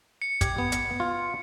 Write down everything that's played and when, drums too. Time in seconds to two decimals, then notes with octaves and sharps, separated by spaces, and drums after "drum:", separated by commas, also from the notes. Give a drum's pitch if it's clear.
0.22 C#7
0.41 G4 G#6, drum: kick, hi-hat
0.58 B3
0.72 drum: hi-hat
1.00 F4